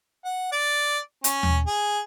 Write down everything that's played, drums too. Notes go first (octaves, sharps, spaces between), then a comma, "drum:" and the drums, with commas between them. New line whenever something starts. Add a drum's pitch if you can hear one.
F#5
D5
C#4, drum: hi-hat
drum: tom D#2
G#4